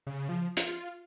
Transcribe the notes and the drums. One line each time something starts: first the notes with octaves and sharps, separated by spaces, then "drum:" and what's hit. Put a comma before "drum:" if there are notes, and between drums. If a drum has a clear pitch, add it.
C#3
F3
F4, drum: hi-hat